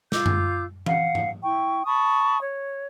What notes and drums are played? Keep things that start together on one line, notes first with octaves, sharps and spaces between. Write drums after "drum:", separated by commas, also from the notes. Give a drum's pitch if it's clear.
F4 D6 E6 G6, drum: snare
drum: tom F#2
F5 F#5, drum: tom E3
drum: tom G#2
E4 G5 C#6
A5 B5 C#6 D#6
C#5